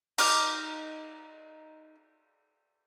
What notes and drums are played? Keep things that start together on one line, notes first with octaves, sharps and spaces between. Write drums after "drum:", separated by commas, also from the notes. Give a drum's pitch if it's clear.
D#4 D6 F6, drum: cymbal